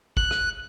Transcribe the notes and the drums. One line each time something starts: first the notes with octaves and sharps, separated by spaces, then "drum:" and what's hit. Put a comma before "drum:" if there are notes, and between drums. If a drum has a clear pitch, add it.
F#6, drum: kick
drum: rim click